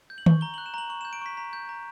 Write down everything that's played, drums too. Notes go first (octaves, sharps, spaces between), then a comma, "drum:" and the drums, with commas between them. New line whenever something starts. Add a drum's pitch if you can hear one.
G6
F#7
C#6, drum: tom D#3
A#5 G7
F#7
F#6
E7
A#5 F#7
C#6 F#7
E7
G6
D7
C#6 B6
A#5 B6
G6
A#5